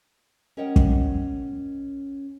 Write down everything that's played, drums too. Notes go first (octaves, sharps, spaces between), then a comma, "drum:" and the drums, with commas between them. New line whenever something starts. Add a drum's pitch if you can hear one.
C#4 A#4 C#5 D#5 F#5 G5
drum: kick